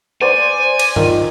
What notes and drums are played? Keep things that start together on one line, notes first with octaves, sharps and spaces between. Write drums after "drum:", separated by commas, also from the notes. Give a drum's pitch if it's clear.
C5 D5 G#5
drum: cymbal
D#3 F4, drum: tom G2